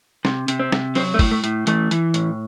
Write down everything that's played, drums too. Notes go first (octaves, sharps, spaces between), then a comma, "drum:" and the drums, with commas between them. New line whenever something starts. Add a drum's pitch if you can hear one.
C3, drum: snare
C3, drum: hi-hat
C4
C3, drum: snare
F#3 C4, drum: open hi-hat
A3
A2, drum: kick, open hi-hat
A3
A2, drum: hi-hat
E3 A3, drum: hi-hat
E3, drum: hi-hat
A2, drum: hi-hat